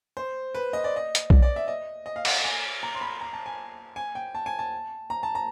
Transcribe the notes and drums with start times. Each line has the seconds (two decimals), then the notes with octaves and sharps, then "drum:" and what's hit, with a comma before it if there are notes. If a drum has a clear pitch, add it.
0.17 C5
0.55 B4
0.73 D#5
0.84 D5
0.96 D#5
1.15 drum: hi-hat
1.30 D5, drum: kick B1
1.42 D5
1.56 E5
1.68 D#5
2.06 D#5
2.16 F5
2.25 F#5, drum: cymbal
2.44 G#5
2.83 A#5
2.95 C6
3.01 B5
3.21 A#5
3.33 A5
3.46 G#5
3.96 G#5
4.15 G5
4.35 A5
4.46 G#5
4.59 A5
5.10 A#5
5.23 A5
5.35 A#5